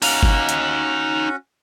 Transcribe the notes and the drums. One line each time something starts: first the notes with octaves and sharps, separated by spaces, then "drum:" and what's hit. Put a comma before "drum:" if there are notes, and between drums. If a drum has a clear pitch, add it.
C#4 D#4 F#4 F5, drum: open hi-hat
drum: kick G1
drum: hi-hat